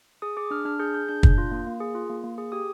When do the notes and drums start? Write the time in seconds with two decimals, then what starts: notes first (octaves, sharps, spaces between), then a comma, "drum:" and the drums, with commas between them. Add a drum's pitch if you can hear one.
0.22 G#4 D#6
0.37 G#4 D6
0.51 D4 F6
0.65 D4 F6
0.80 G#4 G6
0.94 G#4 G6
1.08 D4 G6
1.23 D4 G6, drum: kick
1.38 F4
1.51 A#3
1.67 A#3
1.81 G#4
1.95 F4
2.09 A#3
2.24 A#3
2.38 G#4
2.52 G4 D#6